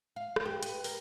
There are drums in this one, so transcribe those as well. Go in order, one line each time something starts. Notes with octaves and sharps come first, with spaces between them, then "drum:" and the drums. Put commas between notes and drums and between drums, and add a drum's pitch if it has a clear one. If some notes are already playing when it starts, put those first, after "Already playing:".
F5
drum: rim click
G4
B4, drum: hi-hat
A#4, drum: open hi-hat